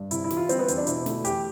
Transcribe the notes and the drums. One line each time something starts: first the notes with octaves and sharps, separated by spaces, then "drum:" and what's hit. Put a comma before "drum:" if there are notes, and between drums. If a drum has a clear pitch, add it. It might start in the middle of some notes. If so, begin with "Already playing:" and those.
Already playing: G2
C3 E4, drum: hi-hat
E4
E3, drum: snare
F4
G3 C4, drum: hi-hat
B3
E2 C4, drum: hi-hat
D4
B2 E4, drum: hi-hat
A3, drum: snare
E2 G4, drum: hi-hat